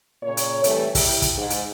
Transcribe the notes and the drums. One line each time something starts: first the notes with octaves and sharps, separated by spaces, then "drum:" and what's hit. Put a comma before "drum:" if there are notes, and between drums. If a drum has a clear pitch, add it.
A#2 C#3 C#5
drum: hi-hat
C3 E3 G3 A3, drum: hi-hat
E4 G4, drum: kick, open hi-hat
drum: kick, hi-hat
G#2
drum: hi-hat